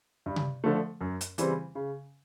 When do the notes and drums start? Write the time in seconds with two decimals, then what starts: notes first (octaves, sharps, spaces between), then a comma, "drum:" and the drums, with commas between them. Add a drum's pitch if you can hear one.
0.26 G2
0.36 drum: tom C3
0.64 D3 F3 A3
1.01 F#2
1.21 drum: hi-hat
1.38 C#3 E3 G3 C4, drum: hi-hat
1.75 C#3